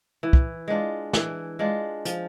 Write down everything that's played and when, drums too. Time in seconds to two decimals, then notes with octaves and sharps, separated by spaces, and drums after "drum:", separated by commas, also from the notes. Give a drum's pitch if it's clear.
0.23 E3
0.33 drum: kick
0.68 G#3 D4 F4
1.13 E3, drum: snare
1.59 G#3 D4 F4
2.05 F3, drum: hi-hat